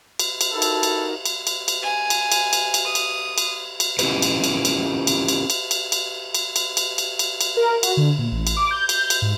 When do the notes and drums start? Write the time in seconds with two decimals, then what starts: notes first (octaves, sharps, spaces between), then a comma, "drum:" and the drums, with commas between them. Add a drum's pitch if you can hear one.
0.19 drum: cymbal
0.41 drum: cymbal
0.52 D#4 E4 F#4 A4 A#4
0.62 drum: cymbal
0.83 drum: cymbal
1.25 drum: cymbal
1.47 drum: cymbal
1.68 drum: cymbal
1.83 G#5
2.10 drum: cymbal
2.32 drum: cymbal
2.53 drum: cymbal
2.74 drum: cymbal
2.85 D#6
2.95 drum: cymbal
3.38 drum: cymbal
3.80 drum: cymbal
3.99 C#4 E4 F4 G4 B4, drum: cymbal
4.22 drum: cymbal
4.44 drum: cymbal
4.65 drum: cymbal
5.07 drum: cymbal
5.28 drum: cymbal
5.50 drum: cymbal
5.71 drum: cymbal
5.92 drum: cymbal
6.35 drum: cymbal
6.56 drum: cymbal
6.77 drum: cymbal
6.98 drum: cymbal
7.19 drum: cymbal
7.41 drum: cymbal
7.57 A#4
7.83 F#4, drum: cymbal
7.97 D3
8.18 A#2
8.32 A1
8.47 drum: cymbal
8.57 D6
8.71 G6
8.89 drum: cymbal
9.10 drum: cymbal
9.22 G#2